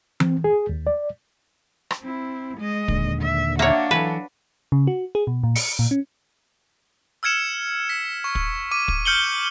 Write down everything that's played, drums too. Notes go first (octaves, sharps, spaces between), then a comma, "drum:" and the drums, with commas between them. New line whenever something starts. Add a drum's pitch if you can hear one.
C4, drum: tom E3
G#4
D#2
D5
drum: rim click
C4 E4
G#3 D#5
D#2 A#2 D3, drum: kick
E5
A#3 D4 F#4 C#5 E5 F#5
E3 F#3 A4 B4
C#3
F#4
G#4
B2
A#2
C#7, drum: open hi-hat
A#2
C#4
E6 F6 G#6 C#7 E7
B6
C#6
drum: kick
D6 D#7
drum: kick
F6 G6 C#7 F#7 G7